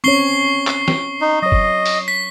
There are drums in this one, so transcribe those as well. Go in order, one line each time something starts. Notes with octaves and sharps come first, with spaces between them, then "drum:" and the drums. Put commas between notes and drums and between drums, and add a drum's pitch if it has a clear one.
C4 C#4 C#5 C#6 C7 G7
drum: clap
drum: snare
D#4
F#3 C#5 D#5
drum: kick F#1
drum: open hi-hat
B6